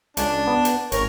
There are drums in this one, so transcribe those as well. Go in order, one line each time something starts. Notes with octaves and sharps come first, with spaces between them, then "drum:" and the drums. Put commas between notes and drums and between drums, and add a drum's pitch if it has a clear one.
C#2 D4, drum: hi-hat
B3
drum: hi-hat
G#1 A#4 C#5, drum: hi-hat